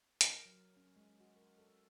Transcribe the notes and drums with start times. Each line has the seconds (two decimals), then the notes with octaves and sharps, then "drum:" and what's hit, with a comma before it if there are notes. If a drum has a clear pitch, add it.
0.21 A#4, drum: hi-hat
0.46 F#3
0.77 C#4
0.96 G#3
1.20 F#4
1.36 A#4
1.58 A4